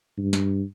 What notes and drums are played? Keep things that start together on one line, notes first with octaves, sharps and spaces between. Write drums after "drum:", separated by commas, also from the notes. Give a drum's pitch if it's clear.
G2
drum: snare